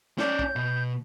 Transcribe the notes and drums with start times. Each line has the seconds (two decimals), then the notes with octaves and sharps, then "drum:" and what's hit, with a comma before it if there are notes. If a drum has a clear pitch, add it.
0.18 C#4 D5 G6, drum: snare
0.39 drum: kick
0.56 B2